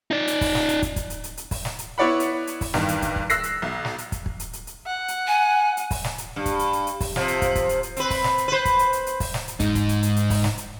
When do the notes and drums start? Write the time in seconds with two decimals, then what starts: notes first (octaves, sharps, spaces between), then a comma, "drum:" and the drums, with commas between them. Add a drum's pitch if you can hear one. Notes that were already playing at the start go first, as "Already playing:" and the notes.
0.11 D#4 D5
0.28 drum: hi-hat
0.41 drum: kick, open hi-hat
0.55 drum: snare
0.69 drum: hi-hat
0.82 drum: kick, hi-hat
0.96 drum: kick, hi-hat
1.10 drum: hi-hat
1.24 drum: hi-hat
1.37 drum: hi-hat
1.51 drum: kick, open hi-hat
1.65 drum: snare
1.79 drum: hi-hat
1.98 B3 E4 C#5 D5 F#5 B5
2.20 drum: hi-hat
2.47 drum: hi-hat
2.61 drum: kick, open hi-hat
2.74 E2 G2 D#3, drum: snare
2.88 drum: hi-hat
3.02 drum: kick, hi-hat
3.16 drum: kick
3.30 E6 F#6 A#6 C7, drum: hi-hat
3.43 drum: hi-hat
3.62 B1
3.85 drum: snare
3.98 drum: hi-hat
4.12 drum: kick, hi-hat
4.26 drum: kick
4.40 drum: hi-hat
4.53 drum: hi-hat
4.67 drum: hi-hat
4.86 F#5
5.08 drum: hi-hat
5.27 G#5
5.77 drum: hi-hat
5.91 drum: kick, open hi-hat
6.04 drum: snare
6.18 drum: hi-hat
6.36 G2
6.46 drum: kick, hi-hat
6.59 drum: hi-hat
6.73 drum: hi-hat
6.87 drum: hi-hat
7.01 drum: kick, open hi-hat
7.16 C3 F3, drum: snare
7.28 drum: hi-hat
7.42 drum: kick, hi-hat
7.55 drum: kick, hi-hat
7.69 drum: hi-hat
7.83 drum: hi-hat
7.96 C4 B4, drum: hi-hat
8.10 drum: kick, open hi-hat
8.24 drum: snare
8.38 drum: hi-hat
8.48 B4 C5
8.65 drum: kick, hi-hat
8.79 drum: hi-hat
8.93 drum: hi-hat
9.07 drum: hi-hat
9.20 drum: kick, open hi-hat
9.34 drum: snare
9.48 drum: hi-hat
9.60 G#2 D#4, drum: kick, hi-hat
9.75 drum: kick, hi-hat
9.89 drum: hi-hat
10.03 drum: hi-hat
10.16 drum: hi-hat
10.30 drum: kick, open hi-hat
10.44 drum: snare
10.58 drum: hi-hat